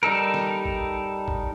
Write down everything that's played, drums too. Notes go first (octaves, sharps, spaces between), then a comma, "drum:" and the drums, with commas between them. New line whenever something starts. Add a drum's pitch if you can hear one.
G3 D#4 A4 A#4
drum: snare
drum: kick
drum: kick